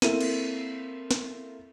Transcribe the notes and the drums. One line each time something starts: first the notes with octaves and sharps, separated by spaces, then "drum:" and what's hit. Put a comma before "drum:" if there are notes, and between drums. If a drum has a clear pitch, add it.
A#3 C4 E4 A4 E5 D#7, drum: snare
drum: cymbal
drum: snare